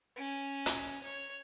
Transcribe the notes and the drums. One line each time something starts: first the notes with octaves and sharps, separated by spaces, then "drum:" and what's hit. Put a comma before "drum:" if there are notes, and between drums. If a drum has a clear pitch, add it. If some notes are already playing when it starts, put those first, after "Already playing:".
C#4
drum: hi-hat
C#5